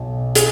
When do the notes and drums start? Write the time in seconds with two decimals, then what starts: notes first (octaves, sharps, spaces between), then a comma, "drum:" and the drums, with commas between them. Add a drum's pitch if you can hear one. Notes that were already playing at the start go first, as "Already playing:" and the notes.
Already playing: B1 B2
0.35 G#4, drum: hi-hat